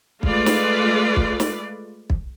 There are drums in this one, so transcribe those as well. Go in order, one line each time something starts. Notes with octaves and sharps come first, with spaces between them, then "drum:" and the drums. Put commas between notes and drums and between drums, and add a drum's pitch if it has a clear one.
G#3 A3 F4 B4 D5, drum: kick
drum: snare
drum: kick
drum: snare
drum: kick